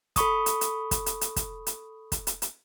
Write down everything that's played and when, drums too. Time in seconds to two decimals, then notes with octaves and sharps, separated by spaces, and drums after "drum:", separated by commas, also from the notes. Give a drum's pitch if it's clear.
0.16 A4 B5 C#6 D#6, drum: kick, hi-hat
0.46 drum: hi-hat
0.61 drum: hi-hat
0.91 drum: kick, hi-hat
1.06 drum: hi-hat
1.21 drum: hi-hat
1.36 drum: kick, hi-hat
1.67 drum: hi-hat
2.12 drum: kick, hi-hat
2.27 drum: hi-hat
2.42 drum: hi-hat